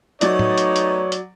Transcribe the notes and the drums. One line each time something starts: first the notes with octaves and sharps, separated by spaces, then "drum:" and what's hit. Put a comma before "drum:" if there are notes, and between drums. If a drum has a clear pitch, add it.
F#3 A3 B3 D#4 C#5 D5, drum: hi-hat
drum: tom A2
drum: hi-hat
drum: hi-hat
drum: hi-hat